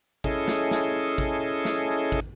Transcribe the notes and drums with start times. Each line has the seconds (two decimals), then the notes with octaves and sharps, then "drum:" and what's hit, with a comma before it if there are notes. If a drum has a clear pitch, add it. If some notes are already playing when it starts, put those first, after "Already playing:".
0.24 C#4 E4 G#4 A4 D#5, drum: kick
0.48 drum: snare
0.71 drum: snare
1.18 drum: kick
1.65 drum: snare
2.12 drum: kick